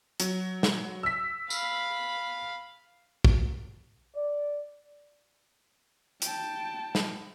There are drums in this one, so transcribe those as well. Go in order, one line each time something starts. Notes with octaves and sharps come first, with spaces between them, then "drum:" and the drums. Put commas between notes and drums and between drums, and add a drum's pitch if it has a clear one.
F#3, drum: hi-hat
drum: snare
E6 B6
F5 B5, drum: tambourine
drum: kick
D5
G5 A5, drum: hi-hat
drum: snare